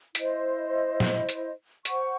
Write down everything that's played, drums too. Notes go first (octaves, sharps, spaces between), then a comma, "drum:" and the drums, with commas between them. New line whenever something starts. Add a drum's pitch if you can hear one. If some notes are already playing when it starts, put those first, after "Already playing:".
E4 C5 D#5, drum: hi-hat
drum: snare
drum: hi-hat
C5 F#5 C#6, drum: hi-hat